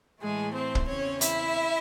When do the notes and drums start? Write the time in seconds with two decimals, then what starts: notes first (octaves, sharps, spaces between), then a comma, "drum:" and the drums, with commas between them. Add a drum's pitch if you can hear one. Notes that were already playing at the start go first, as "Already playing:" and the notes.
0.21 A2 E3 G#3 A3 G#4
0.55 C4 C5
0.75 drum: kick
0.88 E2 C#3 E3 C4 C#4 C#5
1.21 E4 E5, drum: hi-hat